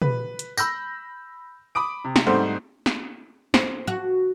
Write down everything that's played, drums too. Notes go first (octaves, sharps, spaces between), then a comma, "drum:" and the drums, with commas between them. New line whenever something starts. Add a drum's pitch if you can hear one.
B4, drum: tom
drum: hi-hat
B5 E6 G6 A#6, drum: tambourine
B5 D6 D#6 D7
C3
drum: snare
G#2 G3 A3 C4 C5 F#5
drum: snare
C5, drum: snare
F#4